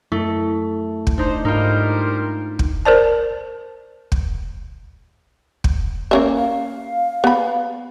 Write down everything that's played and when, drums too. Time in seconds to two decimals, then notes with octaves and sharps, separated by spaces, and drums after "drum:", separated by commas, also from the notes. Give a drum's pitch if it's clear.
0.12 F#2 A3 E4
1.07 drum: kick
1.18 D4 D#4 C5
1.45 G#2 G3 D#4 F4 A#4 C5
2.59 drum: kick
2.85 A#4 C5 D5 A5
4.12 drum: kick
5.64 drum: kick
6.11 A#3 C#4 E5
6.37 F5
7.24 B3 B5